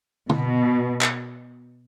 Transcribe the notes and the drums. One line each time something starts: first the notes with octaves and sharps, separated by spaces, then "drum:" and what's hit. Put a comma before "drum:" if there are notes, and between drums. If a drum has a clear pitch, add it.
B2, drum: tom
drum: clap